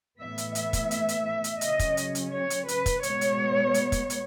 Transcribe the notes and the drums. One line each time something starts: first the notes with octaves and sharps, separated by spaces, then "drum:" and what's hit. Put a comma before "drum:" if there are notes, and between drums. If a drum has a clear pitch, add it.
A2 E3 B3 E5
drum: hi-hat
E5, drum: hi-hat
drum: kick, hi-hat
drum: hi-hat
drum: hi-hat
drum: hi-hat
C#3 F#3 C#4 D#5, drum: hi-hat
drum: kick, hi-hat
drum: hi-hat
drum: hi-hat
C#5
drum: hi-hat
B4, drum: hi-hat
drum: kick, hi-hat
B2 G#3 B3 C#5, drum: hi-hat
drum: hi-hat
drum: hi-hat
drum: kick, hi-hat
drum: hi-hat